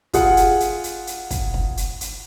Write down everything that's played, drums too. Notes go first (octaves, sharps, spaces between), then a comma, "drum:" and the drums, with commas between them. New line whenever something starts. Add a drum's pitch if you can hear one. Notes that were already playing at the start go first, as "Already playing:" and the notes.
F4 G#4 F#5, drum: kick, hi-hat
drum: hi-hat
drum: hi-hat
drum: hi-hat
drum: hi-hat
drum: kick, hi-hat
drum: kick
drum: hi-hat
drum: hi-hat